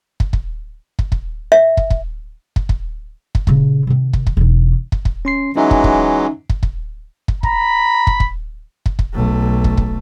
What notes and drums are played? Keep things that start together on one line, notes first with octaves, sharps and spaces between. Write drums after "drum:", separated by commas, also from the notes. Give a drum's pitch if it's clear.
drum: kick
drum: kick
drum: kick
drum: kick
E5
drum: kick
drum: kick
drum: kick
drum: kick
drum: kick
A#2 C#3, drum: kick
C3 D#3
drum: kick
drum: kick
E1 D#4
drum: kick
drum: kick
C#4 C6 C7
E3 F#3 G#3 C#4 D#4 E5
drum: kick
drum: kick
drum: kick
drum: kick
drum: kick
A#5 B5, drum: kick
drum: kick
drum: kick
drum: kick
drum: kick
B1 A3
drum: kick
drum: kick